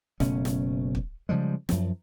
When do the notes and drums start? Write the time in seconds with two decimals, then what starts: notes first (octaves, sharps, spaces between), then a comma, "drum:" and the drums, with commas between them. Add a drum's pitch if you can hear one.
0.20 F#1 B2 A3 C#4, drum: snare
0.45 drum: snare
0.95 drum: kick
1.29 C#3 F3 G3 G#3
1.69 F#2 F3, drum: snare